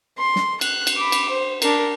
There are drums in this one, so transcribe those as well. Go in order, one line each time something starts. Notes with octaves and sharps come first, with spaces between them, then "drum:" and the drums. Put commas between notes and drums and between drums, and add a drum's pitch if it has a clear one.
C6
drum: snare
F#6, drum: cymbal
drum: cymbal
B5 D6
drum: cymbal
C5
D4 A#4, drum: cymbal